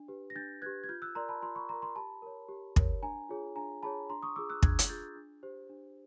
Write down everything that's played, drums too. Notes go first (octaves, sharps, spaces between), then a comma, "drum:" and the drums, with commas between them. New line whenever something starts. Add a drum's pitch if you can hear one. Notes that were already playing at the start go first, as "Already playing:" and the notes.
Already playing: D4
G4 B4
A#6
D4 G6 A6
G4 B4 F#6 G#6
G#6
F4 F6 G6
E6 F#6
A#4 D5 A#5 C6
A5 B5
F4 A#5 C6
B5 C#6
A#4 D5 A#5 C6
A#5 C6
G4 A5 B5
A#4 C#5
G4
A#4 C#5, drum: kick
D4 G#5 A#5
F4 G#4 C#5
D4 G#5 A#5
F4 G#4 C#5 A5 B5
D4 A#5 C6
C#6 D#6
F4 G#4 D6 E6
E6 F#6
D4 F#6 G#6, drum: kick
drum: hi-hat
F4 G#4 G6 A6
D4
G4 C5
D4